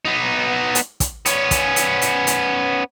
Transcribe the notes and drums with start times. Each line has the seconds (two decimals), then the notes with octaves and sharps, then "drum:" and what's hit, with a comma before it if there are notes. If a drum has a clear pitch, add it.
0.05 B3 D#4
0.75 drum: hi-hat
1.00 drum: kick, hi-hat
1.26 B3 C#4, drum: hi-hat
1.51 drum: kick, hi-hat
1.76 drum: hi-hat
2.02 drum: hi-hat
2.27 drum: hi-hat